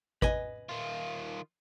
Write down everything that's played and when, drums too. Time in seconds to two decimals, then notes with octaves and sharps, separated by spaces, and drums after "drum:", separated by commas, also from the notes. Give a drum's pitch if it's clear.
0.22 B4 D#5 G#5, drum: kick
0.69 D#3 F4